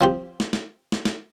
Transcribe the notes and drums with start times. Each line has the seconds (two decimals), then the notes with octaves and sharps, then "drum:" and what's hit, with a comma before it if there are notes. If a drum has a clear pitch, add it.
0.01 F3 C4 G4
0.40 drum: snare
0.53 drum: snare
0.92 drum: snare
1.05 drum: snare